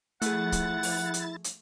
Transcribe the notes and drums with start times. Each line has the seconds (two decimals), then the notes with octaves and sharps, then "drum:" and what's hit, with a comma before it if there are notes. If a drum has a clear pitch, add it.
0.22 F3 A3 E4 G#4 F#5 A6, drum: hi-hat
0.52 drum: kick, hi-hat
0.83 drum: open hi-hat
1.14 drum: hi-hat
1.44 drum: hi-hat